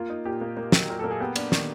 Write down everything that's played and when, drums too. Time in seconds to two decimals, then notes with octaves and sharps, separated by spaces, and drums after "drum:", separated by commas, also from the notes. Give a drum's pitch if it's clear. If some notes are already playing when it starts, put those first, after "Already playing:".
Already playing: A#3 F4
0.10 D#4
0.25 A#2 G4
0.41 A#3
0.57 A#3
0.72 F#3, drum: snare
0.88 A#2 A#4
0.99 A#3 A4
1.11 G#4
1.20 B3 G4
1.36 D4, drum: cymbal
1.52 D#3, drum: snare